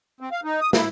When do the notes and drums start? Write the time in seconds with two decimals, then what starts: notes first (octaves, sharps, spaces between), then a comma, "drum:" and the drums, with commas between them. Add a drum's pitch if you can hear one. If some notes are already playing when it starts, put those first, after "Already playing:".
0.21 C4
0.32 F5
0.44 D#4
0.61 D#6
0.73 E4, drum: snare